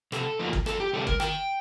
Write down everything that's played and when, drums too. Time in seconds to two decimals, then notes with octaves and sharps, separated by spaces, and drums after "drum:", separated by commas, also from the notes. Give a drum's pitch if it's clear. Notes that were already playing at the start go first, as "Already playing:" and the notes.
0.12 C3 A4, drum: rim click
0.39 F3 A#3 D#4
0.53 drum: kick
0.66 F2 A4, drum: rim click
0.80 G4
0.93 C3 G3 A4
1.07 A#4, drum: kick
1.20 D#3 G5, drum: rim click